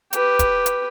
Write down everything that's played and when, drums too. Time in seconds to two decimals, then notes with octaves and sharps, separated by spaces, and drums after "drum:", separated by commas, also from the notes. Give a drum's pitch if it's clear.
0.13 G4 B4, drum: hi-hat
0.39 drum: kick, hi-hat
0.66 drum: hi-hat